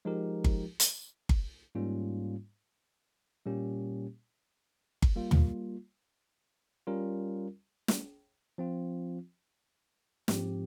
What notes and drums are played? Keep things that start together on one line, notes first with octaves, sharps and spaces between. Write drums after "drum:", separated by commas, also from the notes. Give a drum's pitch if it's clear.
F3 G#3 D#4 G4 A#4
drum: kick G1
drum: hi-hat
drum: kick G1
G#2 G3 A#3 C#4 F4
A#2 G3 A#3 C#4 G4
drum: kick G1
G3 A#3 F4
drum: tom
G3 C#4 F4 A#4
drum: snare
F3 C4 F4
G#2 F3 C4 G4, drum: snare